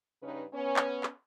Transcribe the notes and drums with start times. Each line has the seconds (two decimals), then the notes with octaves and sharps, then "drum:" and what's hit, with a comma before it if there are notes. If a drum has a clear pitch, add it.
0.22 G2 C#3 C#4 D#4 B4
0.54 B3 C#4
0.76 drum: clap
1.03 drum: clap